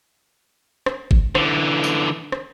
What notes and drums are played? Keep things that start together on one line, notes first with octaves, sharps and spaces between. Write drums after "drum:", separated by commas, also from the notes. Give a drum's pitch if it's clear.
drum: rim click
drum: kick
D3 E3, drum: rim click
drum: tambourine
drum: rim click